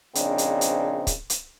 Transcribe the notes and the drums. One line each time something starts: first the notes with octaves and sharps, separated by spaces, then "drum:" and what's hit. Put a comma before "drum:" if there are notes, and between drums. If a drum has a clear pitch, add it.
A#1 C#3 C4 D4 D#4, drum: hi-hat
drum: hi-hat
drum: hi-hat
drum: kick, hi-hat
drum: hi-hat